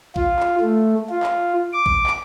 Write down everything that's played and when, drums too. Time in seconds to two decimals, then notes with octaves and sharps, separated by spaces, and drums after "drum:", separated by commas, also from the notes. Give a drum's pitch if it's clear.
0.16 F4, drum: kick A#1
0.40 drum: clap
0.60 A3
1.10 F4
1.23 drum: clap
1.73 D6
1.86 drum: kick A#1
2.07 drum: clap